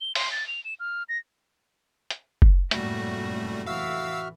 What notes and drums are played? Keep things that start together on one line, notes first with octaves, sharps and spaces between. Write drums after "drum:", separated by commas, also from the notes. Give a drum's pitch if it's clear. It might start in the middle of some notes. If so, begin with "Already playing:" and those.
G7
C6, drum: open hi-hat
A6
F7
E7
F6
A#6
drum: hi-hat
drum: kick F#1
F1 F#2 A2 G3 A3 A#3 F#4, drum: hi-hat
E3 F#4 E5 F5 E6 F6